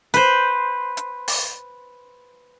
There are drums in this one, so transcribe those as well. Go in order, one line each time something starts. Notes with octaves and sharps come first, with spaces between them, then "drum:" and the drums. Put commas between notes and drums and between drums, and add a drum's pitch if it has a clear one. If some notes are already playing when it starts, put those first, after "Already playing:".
B4 C5, drum: hi-hat
drum: hi-hat
drum: open hi-hat